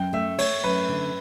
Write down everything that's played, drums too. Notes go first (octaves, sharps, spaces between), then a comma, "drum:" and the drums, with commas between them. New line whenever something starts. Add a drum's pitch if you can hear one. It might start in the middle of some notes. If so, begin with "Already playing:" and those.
Already playing: F#2 G5
A3 E5
A3 C#5, drum: open hi-hat
F#2 B4
D3